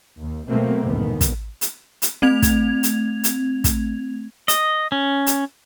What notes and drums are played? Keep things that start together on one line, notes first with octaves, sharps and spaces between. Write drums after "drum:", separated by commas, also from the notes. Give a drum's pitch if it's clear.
D#2
B2 F#3 A3 A#3 C4
G1 D#2 A#2 D#3 B3
drum: kick, hi-hat
drum: hi-hat
drum: hi-hat
A3 C4 G#6 F7
drum: kick, hi-hat
drum: hi-hat
drum: hi-hat
drum: kick, hi-hat
D#5, drum: hi-hat
C#4
drum: hi-hat